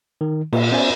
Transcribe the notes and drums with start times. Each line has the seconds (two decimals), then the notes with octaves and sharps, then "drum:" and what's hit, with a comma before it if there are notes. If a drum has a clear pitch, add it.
0.21 D#3
0.53 A#2, drum: cymbal
0.71 B3 C#4 C5 D5 E5 G#5